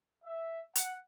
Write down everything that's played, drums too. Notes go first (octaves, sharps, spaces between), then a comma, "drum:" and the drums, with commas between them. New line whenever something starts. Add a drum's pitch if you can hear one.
E5
F#5, drum: hi-hat